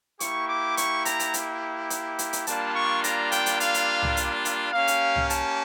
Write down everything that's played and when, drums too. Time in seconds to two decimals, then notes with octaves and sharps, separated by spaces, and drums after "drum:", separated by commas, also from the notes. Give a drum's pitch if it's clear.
0.20 A#3 E4 G4 C#6, drum: hi-hat
0.49 D6
0.77 C#6, drum: hi-hat
1.05 A#5, drum: hi-hat
1.20 drum: hi-hat
1.34 drum: hi-hat
1.90 drum: hi-hat
2.19 drum: hi-hat
2.33 drum: hi-hat
2.47 G3 A#3 D4 F4 A5, drum: hi-hat
2.75 C#6
3.04 A#5, drum: hi-hat
3.32 G5, drum: hi-hat
3.46 drum: hi-hat
3.60 F5, drum: hi-hat
3.74 drum: hi-hat
4.03 drum: tom C2
4.17 drum: hi-hat
4.45 drum: hi-hat
4.73 A#3 C#4 G4 F5
4.87 drum: hi-hat
5.16 drum: tom C2
5.30 A5, drum: hi-hat